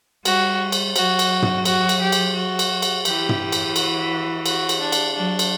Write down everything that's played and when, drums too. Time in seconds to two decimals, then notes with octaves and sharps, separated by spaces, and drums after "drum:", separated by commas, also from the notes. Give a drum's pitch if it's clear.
0.25 G3 F#4, drum: cymbal
0.72 drum: cymbal
0.96 F#3 F#4, drum: cymbal
1.19 drum: cymbal
1.42 drum: tom
1.65 F#4, drum: cymbal
1.89 drum: cymbal
2.01 G4
2.12 drum: cymbal
2.36 F#4
2.59 drum: cymbal
2.82 drum: cymbal
3.05 E3 G4, drum: cymbal
3.29 drum: tom
3.52 drum: cymbal
3.76 F#4, drum: cymbal
4.46 F#4, drum: cymbal
4.69 drum: cymbal
4.80 D4
4.92 drum: cymbal
5.16 F#3 D4
5.39 drum: cymbal